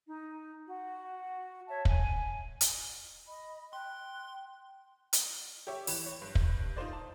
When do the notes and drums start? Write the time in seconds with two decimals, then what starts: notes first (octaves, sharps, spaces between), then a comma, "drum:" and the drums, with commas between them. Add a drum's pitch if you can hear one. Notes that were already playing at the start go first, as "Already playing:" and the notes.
0.07 D#4
0.66 F#4
1.67 C#5 E5 A5
1.85 G#5, drum: kick
2.61 drum: hi-hat
3.26 D#5 B5
3.73 G5 C6 F#6
5.13 drum: hi-hat
5.67 G4 C#5 E5
5.87 E3 B5, drum: open hi-hat
6.06 C#5
6.22 G2
6.35 drum: kick
6.76 D#4 F4 C5 D5
6.93 A5